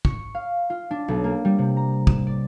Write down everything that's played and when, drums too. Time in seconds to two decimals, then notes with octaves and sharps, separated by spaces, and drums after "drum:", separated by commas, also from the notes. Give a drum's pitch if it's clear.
0.05 C#6, drum: kick
0.35 F5
0.70 F4
0.91 D4
1.08 B1
1.24 A#3
1.45 G3
1.58 C3
1.77 A#5
2.07 E7, drum: kick
2.27 D5